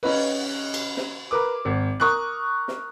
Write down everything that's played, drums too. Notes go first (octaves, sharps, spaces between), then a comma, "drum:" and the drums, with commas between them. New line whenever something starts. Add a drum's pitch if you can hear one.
C#4 D#4 B4, drum: cymbal
drum: cymbal
drum: snare
A#4 B4 D6
G#1
A#4 C#6 D#6 F#6
drum: snare